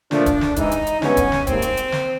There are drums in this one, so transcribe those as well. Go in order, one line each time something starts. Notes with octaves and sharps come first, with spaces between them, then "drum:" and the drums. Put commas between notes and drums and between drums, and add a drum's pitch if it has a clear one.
A#2 F3 A3 D4, drum: snare
drum: kick, hi-hat
drum: snare
G#2 E3 G#3 D#4, drum: kick, hi-hat
drum: hi-hat
drum: hi-hat
G2 E3 G#3 B3 C#4, drum: snare
drum: kick, hi-hat
drum: snare
G#2 D#3 G3 A#3 C4, drum: kick, hi-hat
drum: hi-hat
drum: hi-hat
drum: snare